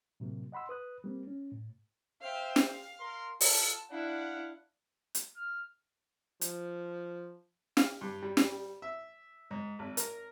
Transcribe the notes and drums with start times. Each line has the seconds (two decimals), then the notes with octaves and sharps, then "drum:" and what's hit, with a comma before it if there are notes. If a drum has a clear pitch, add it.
0.20 A2 C3 F#3 A#3
0.52 D#5 F#5 B5 C6 E6
0.69 B4 D#6 F#6
1.04 G3 A#3 C4
1.27 C#4
1.52 A2
2.21 C5 E5 F5 G5
2.56 F5, drum: snare
3.00 A#4 C6
3.41 F4 A4 A5, drum: open hi-hat
3.91 D4 E4 F5 F#5
5.15 drum: hi-hat
5.36 F6
6.41 F3, drum: hi-hat
7.77 F5, drum: snare
8.01 G2
8.22 G3
8.37 G3, drum: snare
8.82 E5
9.51 G#2
9.79 G#1
9.97 A#4, drum: hi-hat